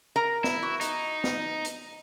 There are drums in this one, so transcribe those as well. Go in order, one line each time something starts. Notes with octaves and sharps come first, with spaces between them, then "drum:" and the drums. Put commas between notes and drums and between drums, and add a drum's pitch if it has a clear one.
A#4 A#5
E4, drum: snare
F#4
D#4, drum: hi-hat
drum: snare
drum: hi-hat